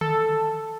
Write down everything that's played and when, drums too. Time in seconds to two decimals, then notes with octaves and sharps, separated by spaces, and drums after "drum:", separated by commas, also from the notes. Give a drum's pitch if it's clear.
0.01 A4, drum: tom D3